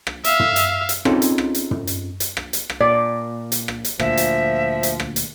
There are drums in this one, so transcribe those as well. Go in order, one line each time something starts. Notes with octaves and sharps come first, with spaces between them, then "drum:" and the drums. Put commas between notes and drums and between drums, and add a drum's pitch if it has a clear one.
drum: rim click
E5 F5, drum: hi-hat
drum: tom
drum: hi-hat
drum: hi-hat
C4 C#4 D#4 F4 G#4 A4, drum: rim click
drum: hi-hat
drum: rim click
drum: hi-hat
drum: tom
drum: hi-hat
drum: hi-hat
drum: rim click
drum: hi-hat
drum: rim click
A#2 D5
drum: hi-hat
drum: rim click
drum: hi-hat
D2 A#2 F3 E5, drum: rim click
drum: hi-hat
drum: hi-hat
drum: rim click
drum: hi-hat